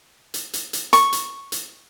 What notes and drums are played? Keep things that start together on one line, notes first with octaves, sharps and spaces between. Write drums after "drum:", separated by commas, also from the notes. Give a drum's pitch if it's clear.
drum: hi-hat
drum: hi-hat
drum: hi-hat
C#6, drum: hi-hat
drum: hi-hat
drum: hi-hat